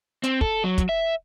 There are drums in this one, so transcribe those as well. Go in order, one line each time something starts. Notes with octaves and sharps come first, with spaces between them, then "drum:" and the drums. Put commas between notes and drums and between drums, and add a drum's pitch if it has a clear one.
C4, drum: hi-hat
A4, drum: kick
F#3
drum: kick, hi-hat
E5